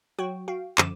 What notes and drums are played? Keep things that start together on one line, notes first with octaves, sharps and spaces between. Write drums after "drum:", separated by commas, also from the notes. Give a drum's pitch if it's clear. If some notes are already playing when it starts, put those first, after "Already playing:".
F#3 F#4 G5 C#6
F#4 F5 G5
F#2 D3 F3 D6 D#7 E7, drum: clap